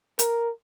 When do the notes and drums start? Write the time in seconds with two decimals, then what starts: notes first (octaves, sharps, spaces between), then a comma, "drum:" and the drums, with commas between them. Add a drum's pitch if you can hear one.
0.19 A#4, drum: hi-hat